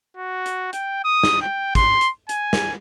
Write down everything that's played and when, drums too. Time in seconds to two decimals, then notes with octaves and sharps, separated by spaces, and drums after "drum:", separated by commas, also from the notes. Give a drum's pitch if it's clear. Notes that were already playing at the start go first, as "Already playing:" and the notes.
0.16 F#4
0.46 drum: hi-hat
0.73 G5, drum: hi-hat
1.04 D#6
1.23 drum: snare
1.41 G5
1.75 C6, drum: kick, hi-hat
2.01 drum: hi-hat
2.29 G#5, drum: hi-hat
2.53 drum: snare